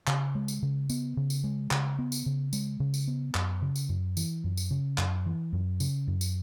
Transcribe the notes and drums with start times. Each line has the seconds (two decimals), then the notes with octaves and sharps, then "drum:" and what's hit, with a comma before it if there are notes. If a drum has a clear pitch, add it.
0.07 C#3, drum: clap
0.35 G#3
0.48 drum: tambourine
0.63 C#3
0.90 B3, drum: tambourine
1.17 C#3
1.30 drum: tambourine
1.44 G#3
1.71 C#3, drum: clap
1.99 B3
2.12 drum: tambourine
2.26 C#3
2.53 G#3, drum: tambourine
2.80 C#3
2.94 drum: tambourine
3.07 B3
3.35 F#2, drum: clap
3.62 C#3
3.76 drum: tambourine
3.89 F#2
4.17 E3, drum: tambourine
4.44 F#2
4.57 drum: tambourine
4.71 C#3
4.98 F#2, drum: clap
5.26 E3
5.53 F#2
5.80 C#3, drum: tambourine
6.07 F#2
6.21 drum: tambourine